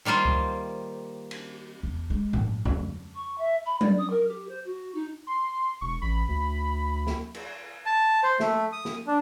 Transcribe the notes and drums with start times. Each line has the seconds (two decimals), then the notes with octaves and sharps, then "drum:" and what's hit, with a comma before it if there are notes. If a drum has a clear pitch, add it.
0.05 D#3 G3 A#3 F4 C5
0.25 drum: kick C#2
1.31 drum: cymbal
1.83 E2
2.10 G#3
2.33 A2, drum: tom G2
2.65 D2, drum: tom F2
3.15 C#6
3.38 E5
3.66 B5
3.81 D5, drum: tom F#3
3.98 D#6
4.10 A#4
4.28 G4
4.49 C5
4.65 F#4
4.94 D#4
5.27 C6
5.81 E1 C#6
6.02 A1 B5
6.28 D2
7.07 drum: snare
7.34 drum: cymbal
7.86 A5
8.23 C5
8.40 A3, drum: snare
8.72 D#6
8.85 drum: snare
9.07 D4